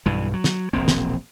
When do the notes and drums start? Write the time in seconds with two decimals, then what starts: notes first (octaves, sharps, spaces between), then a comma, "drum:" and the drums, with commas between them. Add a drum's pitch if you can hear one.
0.06 B1 G2 E3
0.33 F#3
0.44 drum: snare
0.73 E1 A#1 A#3 C4
0.88 drum: snare